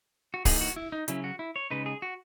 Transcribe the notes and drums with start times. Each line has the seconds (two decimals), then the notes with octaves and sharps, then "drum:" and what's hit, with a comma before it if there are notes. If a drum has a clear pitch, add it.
0.34 F#4
0.45 E3 A#3 D#4 G#4, drum: kick C#1, open hi-hat
0.61 F#4
0.76 E4
0.92 D#4
1.08 C#3 F#3 C#4 E4, drum: hi-hat
1.24 F#4
1.39 E4
1.56 C#5
1.70 C#3 G#3 D#4 B4
1.86 G#4
2.02 F#4